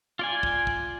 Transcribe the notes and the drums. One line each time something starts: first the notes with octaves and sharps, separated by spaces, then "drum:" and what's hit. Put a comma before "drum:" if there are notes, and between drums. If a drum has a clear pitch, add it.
F4 D5 G#5
drum: kick
drum: kick